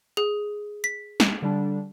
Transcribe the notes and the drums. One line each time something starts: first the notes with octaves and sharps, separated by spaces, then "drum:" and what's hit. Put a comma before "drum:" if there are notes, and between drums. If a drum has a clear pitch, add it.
G#4
B6
drum: snare
D3 G3 D4